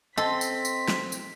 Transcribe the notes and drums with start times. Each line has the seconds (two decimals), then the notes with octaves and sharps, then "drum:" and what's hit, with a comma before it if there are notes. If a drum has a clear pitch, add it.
0.18 C4 A4 D#5 C6 B6
0.41 drum: tambourine
0.65 drum: tambourine
0.88 drum: snare
1.12 drum: tambourine